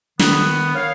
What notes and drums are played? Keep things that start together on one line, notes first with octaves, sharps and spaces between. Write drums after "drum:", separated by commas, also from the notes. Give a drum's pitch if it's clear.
D#3 B3, drum: snare
C#5 F5